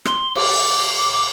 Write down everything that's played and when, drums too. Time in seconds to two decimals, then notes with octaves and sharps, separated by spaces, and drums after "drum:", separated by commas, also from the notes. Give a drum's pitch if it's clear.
0.05 C6, drum: rim click
0.35 D6, drum: cymbal
0.97 D6
1.12 D6